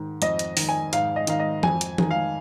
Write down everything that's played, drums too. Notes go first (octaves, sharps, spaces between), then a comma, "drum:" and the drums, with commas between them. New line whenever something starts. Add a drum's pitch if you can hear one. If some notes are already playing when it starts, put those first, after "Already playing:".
Already playing: G#2 D#3
F2 D#5, drum: hi-hat
drum: hi-hat
D#3, drum: open hi-hat
G#5
G#2 F5, drum: hi-hat
D#5
D#3 F5, drum: hi-hat
D#5
F2 G#5, drum: tom E3
drum: hi-hat
D#3, drum: tom E3
F5